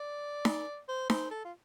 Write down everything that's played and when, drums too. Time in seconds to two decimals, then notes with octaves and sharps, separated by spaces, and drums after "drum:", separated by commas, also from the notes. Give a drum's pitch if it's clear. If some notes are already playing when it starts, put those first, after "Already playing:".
Already playing: D5
0.45 drum: snare D#4
0.88 C5
1.10 C5, drum: snare D#4
1.31 A4
1.44 F4